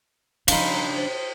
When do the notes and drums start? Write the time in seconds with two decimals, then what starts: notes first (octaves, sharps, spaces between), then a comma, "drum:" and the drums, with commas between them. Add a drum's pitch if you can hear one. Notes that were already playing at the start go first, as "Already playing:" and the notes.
0.48 C#3 F3 D4 D#4 F5 B5 C6, drum: cymbal
0.92 C5